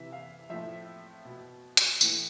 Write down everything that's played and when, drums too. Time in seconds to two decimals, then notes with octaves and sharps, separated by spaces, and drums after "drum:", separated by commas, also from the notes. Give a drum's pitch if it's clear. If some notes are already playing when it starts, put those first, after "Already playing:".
Already playing: C3 E3 E5
0.12 F5
0.50 A2 F3 E5
1.25 B2
1.77 drum: hi-hat
2.01 A2 E3, drum: tambourine